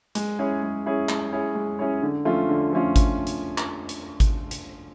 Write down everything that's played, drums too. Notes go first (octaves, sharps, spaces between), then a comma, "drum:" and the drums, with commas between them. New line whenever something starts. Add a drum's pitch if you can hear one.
G#3, drum: hi-hat
C#4 E4 G#4 C#5
G#3
C#4 E4 G#4 C#5
G#3, drum: clap
C#4 E4 G#4 C#5
G#3
C#4 E4 G#4 C#5
D3
F3 A3 C#4 F4
D3
F3 A3 C#4 F4
drum: kick G#1, hi-hat
drum: hi-hat
drum: clap
drum: hi-hat
drum: kick G#1, hi-hat
drum: hi-hat